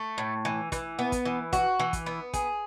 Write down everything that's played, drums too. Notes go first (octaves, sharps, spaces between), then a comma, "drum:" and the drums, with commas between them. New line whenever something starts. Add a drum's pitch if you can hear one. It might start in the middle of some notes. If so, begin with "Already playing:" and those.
Already playing: A3
A2
E3
E3, drum: kick, hi-hat
B3
drum: kick, hi-hat
E3
F#4, drum: kick, hi-hat
E3
drum: kick, hi-hat
B3
G#4, drum: kick, hi-hat